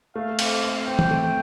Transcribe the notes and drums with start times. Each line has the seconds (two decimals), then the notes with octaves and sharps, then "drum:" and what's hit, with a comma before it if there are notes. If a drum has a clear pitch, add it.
0.15 A3 F5
0.39 C4, drum: cymbal
0.63 C4
0.87 C4 G5
0.99 drum: tom
1.11 A3